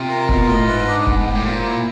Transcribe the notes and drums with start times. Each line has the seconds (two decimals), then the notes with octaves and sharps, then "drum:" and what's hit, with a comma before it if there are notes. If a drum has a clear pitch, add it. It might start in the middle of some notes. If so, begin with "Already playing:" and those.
Already playing: C3 F4
0.09 A#4
0.29 B2 F4, drum: kick F1
0.48 A2 D#5
0.68 G#2 B4
0.88 D4
1.07 B3, drum: kick F1
1.26 G4
1.35 A2
1.46 A#2 C5
1.66 E4